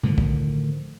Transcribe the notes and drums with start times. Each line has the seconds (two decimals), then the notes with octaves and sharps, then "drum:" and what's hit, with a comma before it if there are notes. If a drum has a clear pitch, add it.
0.03 A2 D3 D#3 F3, drum: tom B2
0.18 drum: kick